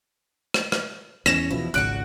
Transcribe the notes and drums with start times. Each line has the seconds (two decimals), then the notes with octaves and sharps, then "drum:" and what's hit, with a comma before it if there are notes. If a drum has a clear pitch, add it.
0.54 drum: rim click
0.72 drum: rim click
1.26 E2 C#4 A#6 E7, drum: rim click
1.51 E2 B2 F3 E4
1.74 G#1 C#2 F#4 C#5 F#5 F#6 D7